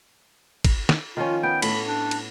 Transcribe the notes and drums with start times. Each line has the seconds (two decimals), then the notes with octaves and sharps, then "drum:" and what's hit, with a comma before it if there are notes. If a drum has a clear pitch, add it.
0.65 drum: kick, cymbal
0.89 drum: snare
1.17 D#3 F3 C#4 F4
1.43 B3 G5
1.62 A2 B5, drum: cymbal
1.87 D4
2.11 drum: cymbal